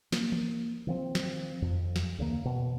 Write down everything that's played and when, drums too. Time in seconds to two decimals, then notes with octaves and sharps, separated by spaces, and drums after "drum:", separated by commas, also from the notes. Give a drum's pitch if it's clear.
0.12 A#3, drum: snare
0.32 drum: tom
0.87 D#3 F3 C4
1.15 drum: snare
1.62 F2
1.96 drum: snare
2.18 D2 C#3 E3 A#3
2.45 B2